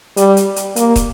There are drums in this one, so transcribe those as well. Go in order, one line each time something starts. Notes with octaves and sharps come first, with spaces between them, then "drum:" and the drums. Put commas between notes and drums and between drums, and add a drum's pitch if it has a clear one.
G3, drum: hi-hat
drum: hi-hat
drum: hi-hat
A#3, drum: hi-hat
drum: kick, hi-hat